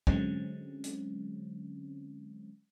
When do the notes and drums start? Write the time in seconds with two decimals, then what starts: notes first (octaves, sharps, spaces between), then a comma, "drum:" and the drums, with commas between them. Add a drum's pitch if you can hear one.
0.07 D3 F#3 G#3 C4 C#4, drum: kick B1
0.84 drum: hi-hat